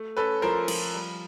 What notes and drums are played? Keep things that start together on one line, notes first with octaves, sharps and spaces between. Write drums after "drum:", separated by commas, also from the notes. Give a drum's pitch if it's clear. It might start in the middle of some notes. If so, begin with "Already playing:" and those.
Already playing: A3
C#4 A4 B4
F3 A#4 C5
F3, drum: cymbal
G3